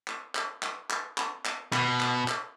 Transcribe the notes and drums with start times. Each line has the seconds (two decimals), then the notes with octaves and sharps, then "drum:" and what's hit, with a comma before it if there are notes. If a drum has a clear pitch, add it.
0.08 drum: clap
0.35 drum: clap
0.63 drum: clap
0.90 drum: clap
1.18 drum: clap
1.45 drum: clap
1.73 B2, drum: clap
2.01 drum: clap
2.28 drum: clap